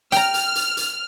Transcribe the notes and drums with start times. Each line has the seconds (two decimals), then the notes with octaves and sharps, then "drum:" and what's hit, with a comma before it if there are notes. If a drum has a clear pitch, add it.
0.12 G5 A#5 F6, drum: hi-hat
0.34 drum: hi-hat
0.55 drum: hi-hat
0.77 drum: hi-hat